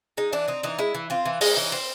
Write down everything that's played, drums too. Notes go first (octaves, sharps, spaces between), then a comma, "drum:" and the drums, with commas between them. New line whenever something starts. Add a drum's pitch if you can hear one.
G#3 D#4
E3 D4
C4 D#4
E3 D#4
G#3 E4
E3
C4 F4
E3
G#3 D#4, drum: open hi-hat
E3
C4